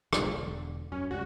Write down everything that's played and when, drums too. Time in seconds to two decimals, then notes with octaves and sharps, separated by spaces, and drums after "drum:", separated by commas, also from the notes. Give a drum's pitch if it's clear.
0.13 B1 F3, drum: rim click
0.32 E1 D3
0.92 F#2 C#4
1.11 C#2 G3 F#4